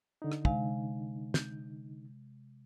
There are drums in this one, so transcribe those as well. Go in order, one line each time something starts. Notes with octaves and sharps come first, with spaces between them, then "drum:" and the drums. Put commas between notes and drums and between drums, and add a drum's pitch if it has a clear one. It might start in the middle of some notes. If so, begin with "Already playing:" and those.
D3 D#4
drum: rim click
C3 G#3 F5, drum: kick
G6, drum: snare